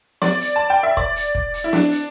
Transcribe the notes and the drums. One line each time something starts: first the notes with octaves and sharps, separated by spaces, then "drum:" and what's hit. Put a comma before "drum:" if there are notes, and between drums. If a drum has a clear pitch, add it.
D5, drum: snare
drum: hi-hat
A5
G5
E5
D5, drum: kick
drum: hi-hat
drum: kick
drum: hi-hat
E4
D4, drum: snare
drum: hi-hat